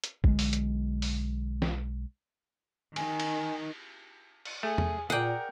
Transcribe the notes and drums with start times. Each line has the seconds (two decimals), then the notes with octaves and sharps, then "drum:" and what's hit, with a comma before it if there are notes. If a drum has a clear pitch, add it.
0.04 drum: hi-hat
0.24 B1 D3 G#3, drum: kick
0.39 drum: open hi-hat
0.53 drum: hi-hat
1.02 drum: open hi-hat
1.62 drum: snare
2.96 D#3 G#5, drum: cymbal
3.20 drum: cymbal
4.45 drum: cymbal
4.63 A3 G#4
4.78 drum: tom E2
5.10 A#2 G#4 A#4 D5 F#5 G5